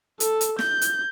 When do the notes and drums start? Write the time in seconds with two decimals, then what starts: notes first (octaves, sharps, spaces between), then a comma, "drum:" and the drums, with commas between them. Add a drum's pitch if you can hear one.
0.20 A4, drum: hi-hat
0.41 drum: hi-hat
0.59 G6, drum: snare
0.82 drum: hi-hat